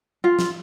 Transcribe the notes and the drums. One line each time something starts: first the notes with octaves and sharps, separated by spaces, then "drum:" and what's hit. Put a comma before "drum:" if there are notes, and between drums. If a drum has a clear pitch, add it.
F4
drum: snare